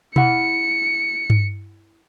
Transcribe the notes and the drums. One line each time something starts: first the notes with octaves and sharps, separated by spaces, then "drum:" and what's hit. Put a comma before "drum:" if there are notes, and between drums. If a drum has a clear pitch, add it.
E4 F#5 C#7, drum: tom B2
drum: tom G2